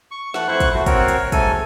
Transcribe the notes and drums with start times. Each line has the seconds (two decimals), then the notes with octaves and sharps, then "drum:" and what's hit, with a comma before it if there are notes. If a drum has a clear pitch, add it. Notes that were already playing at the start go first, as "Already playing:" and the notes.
0.11 C#6
0.34 E3 A3 F#5, drum: snare
0.48 F2 E4 C5 C#6 F#6
0.60 drum: kick, hi-hat
0.74 A3 F#4
0.86 C4 F#4 A#4 C#5, drum: kick, hi-hat
1.08 drum: hi-hat
1.32 G#2 A3 A4 G#5, drum: kick, hi-hat